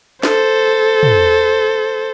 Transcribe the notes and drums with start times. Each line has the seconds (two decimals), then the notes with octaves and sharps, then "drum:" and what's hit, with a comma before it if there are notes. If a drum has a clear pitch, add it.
0.23 A4 C5, drum: snare
1.03 drum: tom